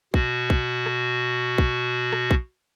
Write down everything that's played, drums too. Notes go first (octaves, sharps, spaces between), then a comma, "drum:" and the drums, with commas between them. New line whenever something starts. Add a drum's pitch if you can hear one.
B2 F#4, drum: kick
drum: kick
drum: rim click
drum: kick
drum: rim click
drum: kick